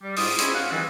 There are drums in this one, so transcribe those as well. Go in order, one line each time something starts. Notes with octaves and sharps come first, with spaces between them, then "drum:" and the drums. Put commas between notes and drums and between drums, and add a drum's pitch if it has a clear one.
G3
G#2 E4 F4 D#6, drum: open hi-hat
G#3 C#4 E4 C5 C#5, drum: hi-hat
F5 F#5
D#3 E3 G3 G#3 C4